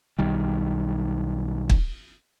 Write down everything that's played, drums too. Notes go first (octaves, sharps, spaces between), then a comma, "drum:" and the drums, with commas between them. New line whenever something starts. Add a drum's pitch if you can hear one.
B1 D#3 G3
drum: kick